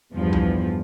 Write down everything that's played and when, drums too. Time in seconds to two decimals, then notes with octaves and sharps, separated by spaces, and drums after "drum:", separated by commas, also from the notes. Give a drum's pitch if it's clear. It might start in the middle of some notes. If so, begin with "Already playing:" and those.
0.14 E2 G2 F3
0.33 drum: tom C2